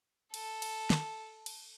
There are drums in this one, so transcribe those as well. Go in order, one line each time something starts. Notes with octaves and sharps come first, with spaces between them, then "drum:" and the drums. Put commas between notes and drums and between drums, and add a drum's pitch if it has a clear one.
A4, drum: cymbal
drum: cymbal
drum: snare
drum: cymbal